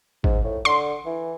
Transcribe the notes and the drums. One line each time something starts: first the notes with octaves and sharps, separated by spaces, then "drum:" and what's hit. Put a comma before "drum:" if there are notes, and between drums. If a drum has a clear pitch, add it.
G#2, drum: kick
A2
D3 C6
E3